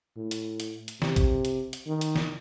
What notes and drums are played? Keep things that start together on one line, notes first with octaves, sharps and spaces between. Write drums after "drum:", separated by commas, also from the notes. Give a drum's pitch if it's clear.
A2
drum: hi-hat
drum: hi-hat
drum: hi-hat
C3, drum: snare
drum: kick, hi-hat
drum: hi-hat
drum: hi-hat
D#3
drum: hi-hat
drum: snare